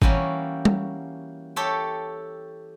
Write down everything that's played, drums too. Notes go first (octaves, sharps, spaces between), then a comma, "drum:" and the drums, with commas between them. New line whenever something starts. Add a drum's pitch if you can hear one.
E3 G3 A#3 C#4 F#4, drum: kick G#1
drum: tom G3
G4 A4 C#5 E5 G5